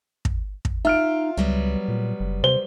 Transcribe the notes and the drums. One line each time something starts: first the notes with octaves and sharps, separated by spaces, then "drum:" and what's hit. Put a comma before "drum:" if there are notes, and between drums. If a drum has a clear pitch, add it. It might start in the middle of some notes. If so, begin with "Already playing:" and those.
drum: kick
drum: kick
D#4 F4 E5 F6 D7
C#2 F#3 G3 B3
A#2
F#1
C3 C5 G7